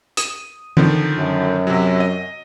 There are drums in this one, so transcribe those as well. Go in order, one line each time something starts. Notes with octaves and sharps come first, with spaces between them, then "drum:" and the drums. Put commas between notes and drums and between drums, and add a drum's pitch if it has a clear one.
D#6, drum: hi-hat
D3 D#3 F3, drum: tom E3
F#2
C3 F#3
D#5